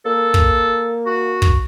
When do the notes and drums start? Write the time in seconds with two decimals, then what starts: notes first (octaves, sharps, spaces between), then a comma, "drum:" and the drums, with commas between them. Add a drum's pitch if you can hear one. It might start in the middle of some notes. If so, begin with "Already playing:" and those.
0.06 A#3 A4
0.34 drum: kick
1.06 F#4
1.42 drum: kick